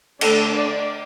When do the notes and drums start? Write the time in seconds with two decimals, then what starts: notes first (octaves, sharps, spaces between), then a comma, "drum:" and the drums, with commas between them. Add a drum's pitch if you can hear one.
0.21 D3 A3 D4 A4, drum: cymbal
0.59 D5